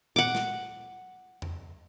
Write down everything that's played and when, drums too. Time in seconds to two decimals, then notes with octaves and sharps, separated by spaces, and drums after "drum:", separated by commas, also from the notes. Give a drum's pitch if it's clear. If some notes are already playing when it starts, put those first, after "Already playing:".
0.16 F#5 D6, drum: tom A#2
0.35 drum: snare
1.42 drum: tom E2